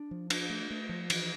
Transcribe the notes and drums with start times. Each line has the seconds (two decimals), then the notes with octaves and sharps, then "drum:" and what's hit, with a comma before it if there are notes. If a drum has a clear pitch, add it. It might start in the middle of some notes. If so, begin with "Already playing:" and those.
Already playing: D4
0.11 F3
0.30 D4, drum: cymbal
0.50 A3
0.71 A3
0.89 F3
1.10 E3, drum: cymbal